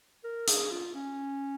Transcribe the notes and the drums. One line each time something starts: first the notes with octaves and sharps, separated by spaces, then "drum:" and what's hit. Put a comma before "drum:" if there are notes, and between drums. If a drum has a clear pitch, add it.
A#4
G#4, drum: hi-hat
F4
C#4